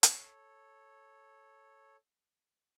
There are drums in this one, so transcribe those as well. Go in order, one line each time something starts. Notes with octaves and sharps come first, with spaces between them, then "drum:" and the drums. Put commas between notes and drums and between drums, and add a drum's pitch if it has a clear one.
A4 C#5, drum: hi-hat